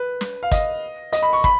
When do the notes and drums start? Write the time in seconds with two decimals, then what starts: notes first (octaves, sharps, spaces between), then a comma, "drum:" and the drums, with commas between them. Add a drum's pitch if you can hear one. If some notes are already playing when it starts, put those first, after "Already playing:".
Already playing: B4
0.21 drum: snare
0.43 F5
0.52 D#5, drum: kick, hi-hat
1.13 D#5, drum: hi-hat
1.23 B5
1.33 C#6
1.44 B5, drum: kick